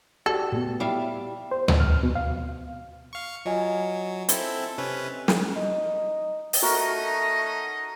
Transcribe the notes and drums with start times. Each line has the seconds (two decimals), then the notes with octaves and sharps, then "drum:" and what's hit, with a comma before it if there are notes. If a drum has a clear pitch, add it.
0.26 F#4 G4 A4 D5
0.52 A#2 A3 B3
0.80 G3 E4 E5 F5
1.51 C5
1.68 F2, drum: tom D2
1.80 F6
2.03 B2
2.15 F5
3.13 F5 C#6
3.46 F#3 F4 D#5 G#5
4.29 C4 E4 A4, drum: hi-hat
4.78 C3 C#4 B4
5.28 drum: snare
5.56 D#4
6.53 drum: open hi-hat
6.62 A3 C#4 D#4 F#4 A#4 D#5